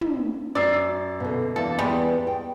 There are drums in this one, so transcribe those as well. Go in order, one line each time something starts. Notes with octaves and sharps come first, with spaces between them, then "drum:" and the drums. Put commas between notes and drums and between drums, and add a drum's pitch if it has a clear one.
drum: tom
F#2 D5 E6 C7
B2 D3
E2 A#3 D4 A4
E2 G3 G#3 B3 D5
G5